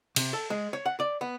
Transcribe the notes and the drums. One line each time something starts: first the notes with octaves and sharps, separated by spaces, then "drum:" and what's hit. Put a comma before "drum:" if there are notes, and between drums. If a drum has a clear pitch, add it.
C3, drum: cymbal
A4
G#3
C#5
F#5
D5
B3